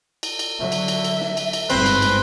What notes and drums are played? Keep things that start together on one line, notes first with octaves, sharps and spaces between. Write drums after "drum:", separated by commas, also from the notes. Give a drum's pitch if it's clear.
drum: cymbal
drum: cymbal
D3 F#3 E5
drum: cymbal
drum: cymbal
drum: cymbal
drum: snare
drum: cymbal
drum: cymbal
G1 G#2 C4 B4, drum: cymbal
drum: cymbal
drum: cymbal